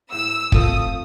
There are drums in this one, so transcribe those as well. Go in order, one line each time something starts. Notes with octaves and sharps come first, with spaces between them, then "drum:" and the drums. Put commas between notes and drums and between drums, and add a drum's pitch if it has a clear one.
A2 E6
F3 A3 C4 F4 D#6, drum: kick